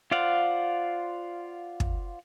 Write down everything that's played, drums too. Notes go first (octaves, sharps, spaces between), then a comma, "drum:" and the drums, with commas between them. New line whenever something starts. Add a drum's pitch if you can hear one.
F4 C5 D5 F5 F#5
drum: kick